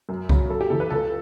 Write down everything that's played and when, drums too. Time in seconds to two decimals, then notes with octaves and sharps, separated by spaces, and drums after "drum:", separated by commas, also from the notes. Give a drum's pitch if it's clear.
0.09 F#2
0.29 C#3 F#3, drum: kick C2
0.49 F#2 A4
0.61 G4
0.70 C#3 E3 A4
0.80 B4
0.90 C#2 A4